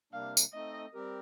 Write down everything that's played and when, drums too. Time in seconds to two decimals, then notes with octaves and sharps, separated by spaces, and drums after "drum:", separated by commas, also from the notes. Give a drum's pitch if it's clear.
0.13 C3 G3 A#3 D4 F5
0.37 drum: tambourine
0.53 A3 C4 D#4 A4 D#5
0.94 G3 C4 G4 A#4